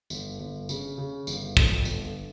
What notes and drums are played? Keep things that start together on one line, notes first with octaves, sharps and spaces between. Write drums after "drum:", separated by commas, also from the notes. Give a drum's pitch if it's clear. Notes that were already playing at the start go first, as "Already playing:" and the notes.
G1, drum: tambourine
G1
C#3, drum: tambourine
C#3
G1, drum: tambourine
F2, drum: kick
G1, drum: tambourine